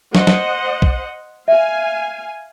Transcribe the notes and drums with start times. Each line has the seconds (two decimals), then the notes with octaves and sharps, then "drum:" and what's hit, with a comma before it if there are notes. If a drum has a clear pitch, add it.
0.15 C5 D#5 F#5 C#6, drum: snare
0.27 drum: snare
0.82 drum: kick
1.48 E5 F5 G#5